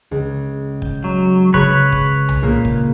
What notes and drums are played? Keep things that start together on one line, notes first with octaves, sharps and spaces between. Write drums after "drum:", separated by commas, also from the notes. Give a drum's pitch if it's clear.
C#2
G6, drum: kick
F#3
C#3 B4 C#5, drum: kick
drum: kick
drum: tom C2
A#2 C#3 A#3
drum: kick